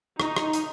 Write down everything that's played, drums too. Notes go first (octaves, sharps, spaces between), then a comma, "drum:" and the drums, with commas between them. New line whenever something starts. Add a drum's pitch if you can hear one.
D#4, drum: rim click
drum: rim click
drum: hi-hat